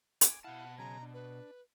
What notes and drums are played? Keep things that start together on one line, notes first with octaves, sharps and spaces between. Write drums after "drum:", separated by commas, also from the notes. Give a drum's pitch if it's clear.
G#5 D6, drum: hi-hat
B2 E4 F5 F#5 A5
C#3 F#3 G#5 A#5
D4
B4